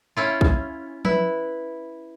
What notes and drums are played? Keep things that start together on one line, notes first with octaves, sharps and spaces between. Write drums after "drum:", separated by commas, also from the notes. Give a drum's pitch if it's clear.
C#4 E4 F4
drum: kick
E4 B4 E5, drum: tom F3